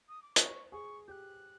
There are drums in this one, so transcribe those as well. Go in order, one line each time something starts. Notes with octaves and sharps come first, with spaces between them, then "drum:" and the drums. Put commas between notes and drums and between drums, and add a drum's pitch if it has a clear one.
D#6
D6
C5 C#6, drum: hi-hat
G#4 C#6
G4 F#6 G6